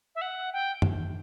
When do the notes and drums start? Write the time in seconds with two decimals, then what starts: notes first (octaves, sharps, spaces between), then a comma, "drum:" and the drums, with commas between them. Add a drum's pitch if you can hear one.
0.15 E5
0.21 F#5
0.53 G5
0.82 drum: tom